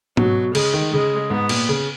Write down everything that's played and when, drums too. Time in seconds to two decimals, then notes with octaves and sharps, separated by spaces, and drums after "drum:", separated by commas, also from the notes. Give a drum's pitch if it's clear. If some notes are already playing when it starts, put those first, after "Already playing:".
0.17 B2 F#3, drum: tom G#2
0.55 C#3 G#3, drum: cymbal
0.74 D#3
0.92 C#3 G#3
1.30 G#2 B3
1.49 A#2, drum: cymbal
1.69 C#3